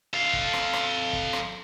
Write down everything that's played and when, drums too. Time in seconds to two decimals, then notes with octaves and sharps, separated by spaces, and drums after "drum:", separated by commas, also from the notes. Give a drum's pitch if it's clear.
0.14 A4 F5
0.33 drum: kick
0.53 drum: rim click
0.73 drum: rim click
1.13 drum: kick
1.33 drum: rim click